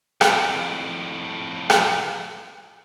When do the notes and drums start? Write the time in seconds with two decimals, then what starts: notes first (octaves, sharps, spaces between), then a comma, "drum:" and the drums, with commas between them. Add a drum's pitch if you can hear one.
0.21 F2 A2, drum: rim click
1.70 drum: rim click